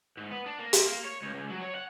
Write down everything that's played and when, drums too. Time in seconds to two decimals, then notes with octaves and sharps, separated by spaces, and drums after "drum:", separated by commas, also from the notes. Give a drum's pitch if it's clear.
0.18 G#2
0.31 B3
0.46 D4
0.59 A#3
0.73 E5, drum: hi-hat
0.86 A#3
1.05 C#5
1.22 C#2
1.34 C#2
1.51 F#3
1.62 C#5
1.76 F#5